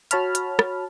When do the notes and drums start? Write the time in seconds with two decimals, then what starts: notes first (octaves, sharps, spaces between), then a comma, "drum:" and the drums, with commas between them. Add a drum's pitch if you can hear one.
0.11 F#4 C#5 A5 B5 F6, drum: hi-hat
0.35 drum: hi-hat
0.59 drum: rim click